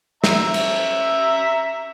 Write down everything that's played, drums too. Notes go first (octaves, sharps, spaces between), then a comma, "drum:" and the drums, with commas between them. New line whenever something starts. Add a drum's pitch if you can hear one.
E5 A#5, drum: snare
drum: cymbal